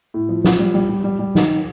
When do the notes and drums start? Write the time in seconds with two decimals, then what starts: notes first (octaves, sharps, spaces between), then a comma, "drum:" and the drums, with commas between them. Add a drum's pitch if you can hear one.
0.14 A2
0.29 F3
0.44 F3, drum: snare
0.59 G3
0.74 G3
0.89 G3
1.04 G3
1.19 G3
1.35 D#3, drum: snare